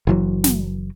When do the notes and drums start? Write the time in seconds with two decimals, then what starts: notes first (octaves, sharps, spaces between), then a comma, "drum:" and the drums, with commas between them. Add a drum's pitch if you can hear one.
0.07 F#1 E3 F#3
0.44 drum: snare